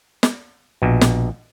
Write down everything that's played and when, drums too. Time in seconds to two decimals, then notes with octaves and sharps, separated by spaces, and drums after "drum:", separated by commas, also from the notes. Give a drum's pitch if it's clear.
0.23 drum: snare
0.82 A#1 B2
1.01 drum: snare